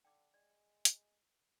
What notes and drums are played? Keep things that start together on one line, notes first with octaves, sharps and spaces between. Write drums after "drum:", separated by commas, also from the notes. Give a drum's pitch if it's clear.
D3 G5 D6
G#3 D5
drum: hi-hat